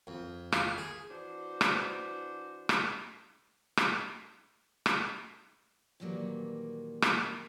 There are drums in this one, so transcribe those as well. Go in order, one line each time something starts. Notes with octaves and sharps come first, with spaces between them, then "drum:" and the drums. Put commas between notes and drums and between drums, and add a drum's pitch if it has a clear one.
F2
F4, drum: rim click
G#4
E3 D4 F#4 C5
drum: rim click
drum: rim click
drum: rim click
drum: rim click
A#2 D#3 E3 F#3 G3 A#3
drum: rim click